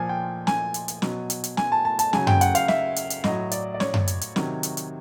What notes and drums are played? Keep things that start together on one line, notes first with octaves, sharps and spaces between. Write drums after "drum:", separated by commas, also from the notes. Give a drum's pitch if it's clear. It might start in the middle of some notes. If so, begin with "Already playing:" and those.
Already playing: A#2 F3 G#5
G5
G#5, drum: snare
drum: hi-hat
drum: hi-hat
B2 F#3, drum: snare
drum: hi-hat
drum: hi-hat
G#5, drum: snare
A5
A5
A5, drum: hi-hat
C#3 F#3 G#5, drum: snare
G5, drum: tom F#2
F#5, drum: hi-hat
F5, drum: hi-hat
E5, drum: snare
drum: hi-hat
drum: hi-hat
A2 F#3 D#5, drum: snare
D5, drum: hi-hat
D5
C#5, drum: snare
drum: tom F#2
drum: hi-hat
drum: hi-hat
C3 D#3 F#3, drum: snare
drum: hi-hat
drum: hi-hat